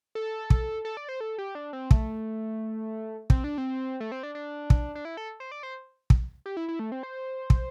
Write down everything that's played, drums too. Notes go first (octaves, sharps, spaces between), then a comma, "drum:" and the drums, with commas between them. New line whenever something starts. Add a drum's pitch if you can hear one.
A4
drum: kick
A4
D5
C5
A4
G4
D4
C4
A3, drum: kick
C4, drum: kick
D4
C4
A3
C4
D4
D4
drum: kick
D4
E4
A4
C5
D5
C5
drum: kick
G4
E4
E4
A3
C4
C5
drum: kick